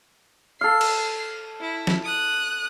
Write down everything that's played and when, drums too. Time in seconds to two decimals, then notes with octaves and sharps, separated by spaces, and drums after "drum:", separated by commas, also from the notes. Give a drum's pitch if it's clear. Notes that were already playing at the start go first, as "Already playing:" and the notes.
0.61 A4 F5 C7
0.81 drum: cymbal
1.61 E4
1.87 drum: snare
2.04 D#6 F#6